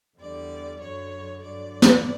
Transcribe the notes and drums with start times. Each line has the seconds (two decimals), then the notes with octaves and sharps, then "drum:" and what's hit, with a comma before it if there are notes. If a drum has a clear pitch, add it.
0.18 E2 D3 G3 D5
0.80 F#2 D3 F#3 C#5
1.42 G2 D3 F#3 D5
1.82 drum: snare